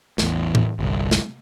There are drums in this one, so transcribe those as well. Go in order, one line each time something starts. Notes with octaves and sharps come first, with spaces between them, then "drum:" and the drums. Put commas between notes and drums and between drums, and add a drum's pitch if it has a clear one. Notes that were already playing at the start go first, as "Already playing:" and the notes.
A1 E2, drum: snare
drum: tom A2
G1 C2
drum: snare